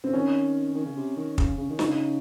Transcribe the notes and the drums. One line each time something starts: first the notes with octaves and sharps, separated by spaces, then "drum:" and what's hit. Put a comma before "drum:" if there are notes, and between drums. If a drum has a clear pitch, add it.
C#3 C4
D#3 C#4
D#3
C#3
C3
D#3
C#3, drum: kick
C#3
D#3
C#3 D#4, drum: snare